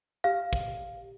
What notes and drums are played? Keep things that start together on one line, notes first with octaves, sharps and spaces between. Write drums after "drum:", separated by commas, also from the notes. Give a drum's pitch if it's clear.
G4 F5
drum: kick